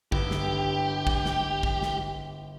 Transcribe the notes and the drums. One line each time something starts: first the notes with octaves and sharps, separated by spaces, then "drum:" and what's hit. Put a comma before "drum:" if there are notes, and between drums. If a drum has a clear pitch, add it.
G1 E4 G4, drum: kick
drum: snare
drum: kick
drum: snare
drum: kick
drum: snare